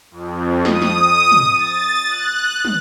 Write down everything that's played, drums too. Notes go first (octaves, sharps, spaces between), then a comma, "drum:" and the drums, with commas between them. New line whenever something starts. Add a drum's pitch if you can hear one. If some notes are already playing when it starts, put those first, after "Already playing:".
F2
D#6, drum: snare
drum: snare
drum: tom
A6
F#6
drum: tom